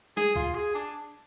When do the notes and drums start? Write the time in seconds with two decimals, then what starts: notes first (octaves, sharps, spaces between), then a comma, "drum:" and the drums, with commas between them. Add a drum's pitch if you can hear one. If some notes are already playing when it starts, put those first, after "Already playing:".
0.17 G#4, drum: snare
0.36 F4, drum: kick
0.55 G#4
0.75 D4